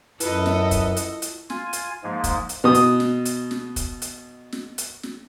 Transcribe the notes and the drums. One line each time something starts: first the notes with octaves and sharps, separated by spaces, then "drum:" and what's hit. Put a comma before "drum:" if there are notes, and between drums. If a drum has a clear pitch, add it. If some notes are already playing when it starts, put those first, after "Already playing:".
F#2 E4 F4 A4 B4 D#5, drum: hi-hat
drum: snare
drum: kick, hi-hat
drum: hi-hat
drum: hi-hat
F4 G#5, drum: snare
drum: hi-hat
G#2 F3 G#3 A#3
drum: kick, hi-hat
drum: hi-hat
B2 D#6
drum: hi-hat
drum: snare
drum: hi-hat
drum: snare
drum: kick, hi-hat
drum: hi-hat
drum: snare
drum: hi-hat
drum: snare